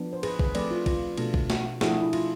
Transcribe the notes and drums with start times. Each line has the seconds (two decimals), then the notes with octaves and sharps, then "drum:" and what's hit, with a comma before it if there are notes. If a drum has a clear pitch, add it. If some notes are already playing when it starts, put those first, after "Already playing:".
Already playing: F3 B3 D4
0.13 C5
0.23 G#4 B4, drum: cymbal
0.39 G#4 B4, drum: kick A1
0.55 F3 A3 C4 B4 D5, drum: cymbal
0.71 F4
0.86 F4, drum: kick A1, cymbal
1.17 B2 A3 D4, drum: cymbal
1.34 drum: kick A1
1.50 drum: snare
1.81 F3 A3 D4 E4 G#4, drum: snare
2.02 E4
2.13 F4, drum: cymbal